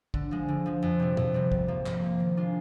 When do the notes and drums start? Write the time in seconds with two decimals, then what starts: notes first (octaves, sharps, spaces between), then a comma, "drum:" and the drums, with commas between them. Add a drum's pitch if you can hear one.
0.14 D3, drum: kick
0.31 F3 G#3
0.48 D3
0.66 F3 G#3
0.82 F2
1.00 C3 G3
1.17 F2, drum: tom
1.34 C3 G3
1.52 G#2, drum: kick
1.68 F3 A#3
1.86 G#2, drum: clap
2.03 F3 A#3
2.20 D#3
2.37 G#3 D4 F4